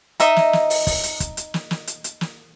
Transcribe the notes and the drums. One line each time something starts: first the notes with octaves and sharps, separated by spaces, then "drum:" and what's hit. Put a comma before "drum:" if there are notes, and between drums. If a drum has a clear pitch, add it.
D#4 D#5 E5 A#5, drum: hi-hat
drum: snare
drum: snare
drum: open hi-hat
drum: kick, open hi-hat
drum: hi-hat
drum: kick, hi-hat
drum: hi-hat
drum: snare
drum: snare
drum: hi-hat
drum: hi-hat
drum: snare